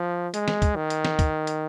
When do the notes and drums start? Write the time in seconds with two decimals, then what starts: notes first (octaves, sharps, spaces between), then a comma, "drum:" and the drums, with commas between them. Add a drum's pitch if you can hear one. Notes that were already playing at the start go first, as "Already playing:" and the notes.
Already playing: F3
0.34 G#3, drum: hi-hat
0.48 drum: snare
0.62 drum: kick, hi-hat
0.76 D#3
0.90 drum: hi-hat
1.05 drum: snare
1.19 drum: kick, hi-hat
1.47 drum: hi-hat